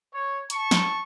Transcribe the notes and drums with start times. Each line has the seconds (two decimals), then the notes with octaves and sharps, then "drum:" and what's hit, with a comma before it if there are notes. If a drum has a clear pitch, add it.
0.13 C#5
0.50 A5 C#6, drum: hi-hat
0.71 drum: snare